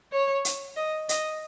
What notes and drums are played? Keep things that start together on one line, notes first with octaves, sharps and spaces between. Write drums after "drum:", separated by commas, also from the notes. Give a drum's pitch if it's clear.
C#5
drum: hi-hat
D#5
D#5, drum: hi-hat